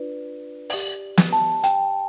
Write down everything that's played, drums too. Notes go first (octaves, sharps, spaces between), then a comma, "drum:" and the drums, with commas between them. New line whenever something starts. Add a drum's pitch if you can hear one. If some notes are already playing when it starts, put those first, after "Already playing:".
Already playing: D4 F4 B4 D5
G4 D5, drum: open hi-hat
drum: snare
A5
G5, drum: hi-hat